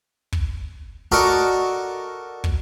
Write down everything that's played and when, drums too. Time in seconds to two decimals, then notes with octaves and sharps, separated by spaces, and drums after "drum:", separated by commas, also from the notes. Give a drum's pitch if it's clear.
0.32 drum: kick
1.12 F#4 A4 A#4 D5 D#5
2.44 drum: kick